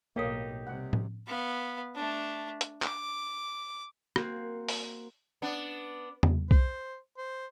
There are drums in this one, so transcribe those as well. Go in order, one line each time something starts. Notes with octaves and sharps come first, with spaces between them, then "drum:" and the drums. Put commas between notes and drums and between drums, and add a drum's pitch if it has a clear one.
B1 A2 A#3 D#4 G4 A4 C#5 D#6
C3 G3 F#5
drum: tom A2
B3 F5
A3 D4
drum: hi-hat
D6, drum: clap
A#3 C4 F#4, drum: rim click
drum: open hi-hat
B3 D4
drum: tom E2
C5, drum: kick B1
C5